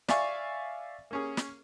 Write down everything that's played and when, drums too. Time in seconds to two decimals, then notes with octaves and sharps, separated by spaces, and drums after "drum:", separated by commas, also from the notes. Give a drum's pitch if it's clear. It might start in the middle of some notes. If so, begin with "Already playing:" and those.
0.08 D5 E5 F5 G#5 C#6, drum: snare
1.11 A#3 C#4 G#4
1.37 drum: snare